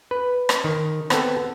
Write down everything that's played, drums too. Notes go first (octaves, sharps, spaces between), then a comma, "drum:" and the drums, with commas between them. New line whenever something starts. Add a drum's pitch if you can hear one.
B4
drum: rim click
D#3
B3 C4 A4, drum: rim click